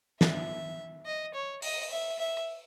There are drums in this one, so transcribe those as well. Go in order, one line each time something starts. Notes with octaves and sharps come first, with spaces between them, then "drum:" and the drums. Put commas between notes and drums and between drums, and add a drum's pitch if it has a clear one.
E5, drum: snare
D#5
C#5
D#5, drum: open hi-hat
E5
E5